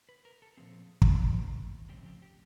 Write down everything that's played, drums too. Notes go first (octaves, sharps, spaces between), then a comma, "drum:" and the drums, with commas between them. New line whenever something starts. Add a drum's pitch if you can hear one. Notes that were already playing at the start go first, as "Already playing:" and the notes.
B4
A#4
A4
A#2 F3 A3 C4 G#4
drum: kick
C#3 F3 A3 C4
C#3 F3 A3 C4 G4
G4
G4